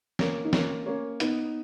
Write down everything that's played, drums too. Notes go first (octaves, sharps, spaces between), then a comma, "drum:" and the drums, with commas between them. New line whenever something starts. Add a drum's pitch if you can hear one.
A#3 C#4, drum: snare
D#4
A#3 C#4, drum: snare
A#3 C#4
B3 D#4, drum: hi-hat